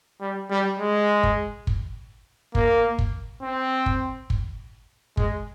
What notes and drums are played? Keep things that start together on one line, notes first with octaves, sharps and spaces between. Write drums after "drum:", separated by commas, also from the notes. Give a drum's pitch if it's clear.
G3
G3
G#3
drum: kick
drum: kick
A#3, drum: kick
drum: kick
C4
drum: kick
drum: kick
G#3, drum: kick